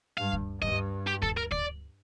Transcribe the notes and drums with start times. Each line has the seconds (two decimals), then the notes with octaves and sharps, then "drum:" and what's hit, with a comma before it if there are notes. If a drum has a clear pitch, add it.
0.18 G2 F5
0.33 drum: kick D2
0.62 G2 D#5, drum: kick D2
1.07 G4
1.22 A4, drum: kick D2
1.37 A#4
1.52 D5, drum: kick D2